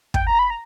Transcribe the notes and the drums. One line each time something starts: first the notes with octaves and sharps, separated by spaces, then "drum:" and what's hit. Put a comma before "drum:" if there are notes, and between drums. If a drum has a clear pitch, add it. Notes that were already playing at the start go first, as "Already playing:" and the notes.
G5, drum: kick
A#5
B5
A#5